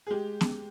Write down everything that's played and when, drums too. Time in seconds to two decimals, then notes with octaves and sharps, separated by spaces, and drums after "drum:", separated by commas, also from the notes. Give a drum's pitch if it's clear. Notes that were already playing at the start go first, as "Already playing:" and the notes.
0.07 G#4
0.10 G#3 G4
0.41 drum: snare B3